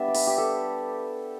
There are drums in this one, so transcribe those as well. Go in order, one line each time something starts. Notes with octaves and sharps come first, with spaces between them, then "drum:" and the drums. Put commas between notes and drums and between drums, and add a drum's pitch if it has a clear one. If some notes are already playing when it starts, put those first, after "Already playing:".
Already playing: G3 B3 D4 E5
D5
B4, drum: open hi-hat
G4
A4